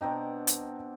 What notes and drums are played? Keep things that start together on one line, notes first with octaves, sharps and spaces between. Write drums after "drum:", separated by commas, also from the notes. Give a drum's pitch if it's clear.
B2 C4 D4 D#5 G5 A#5
drum: hi-hat